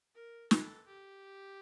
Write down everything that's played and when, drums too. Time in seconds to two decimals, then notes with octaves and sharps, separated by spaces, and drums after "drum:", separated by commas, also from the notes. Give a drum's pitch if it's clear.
0.15 A#4
0.51 A4, drum: snare
0.87 G4